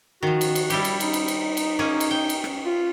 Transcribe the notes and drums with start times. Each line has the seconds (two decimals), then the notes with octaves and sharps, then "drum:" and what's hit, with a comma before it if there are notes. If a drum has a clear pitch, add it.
0.23 D#3 F3 F#4
0.41 drum: cymbal
0.55 drum: cymbal
0.70 G3 E4 G4, drum: cymbal
0.84 drum: cymbal
1.00 D#4, drum: cymbal
1.13 drum: cymbal
1.28 drum: cymbal
1.57 drum: cymbal
1.79 A#3 C#4 G#4
2.00 drum: cymbal
2.11 G5
2.29 drum: cymbal
2.44 drum: rim click
2.66 F4